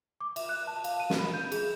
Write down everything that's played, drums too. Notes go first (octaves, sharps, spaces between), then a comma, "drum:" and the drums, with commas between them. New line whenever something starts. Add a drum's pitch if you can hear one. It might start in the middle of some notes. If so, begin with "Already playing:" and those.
D6
E5, drum: cymbal
F#6
A5
F5, drum: cymbal
D#7
drum: snare
B5
G6
G#4, drum: cymbal